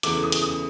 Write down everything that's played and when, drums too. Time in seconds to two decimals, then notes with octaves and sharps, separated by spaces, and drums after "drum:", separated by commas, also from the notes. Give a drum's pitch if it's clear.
0.03 E2 C#3 E3 A3 D6, drum: hi-hat
0.23 D#6
0.32 drum: hi-hat
0.42 D#6